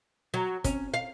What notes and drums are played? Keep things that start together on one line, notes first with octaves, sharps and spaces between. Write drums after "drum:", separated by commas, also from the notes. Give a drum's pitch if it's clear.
F#3
C#4, drum: kick, hi-hat
F5